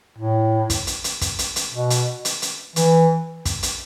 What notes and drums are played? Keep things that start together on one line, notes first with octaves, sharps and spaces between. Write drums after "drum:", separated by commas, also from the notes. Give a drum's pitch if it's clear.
A2
drum: kick, hi-hat
drum: hi-hat
drum: hi-hat
drum: kick, hi-hat
drum: hi-hat
drum: hi-hat
B2
drum: hi-hat
drum: hi-hat
drum: hi-hat
E3, drum: hi-hat
drum: kick, hi-hat
drum: hi-hat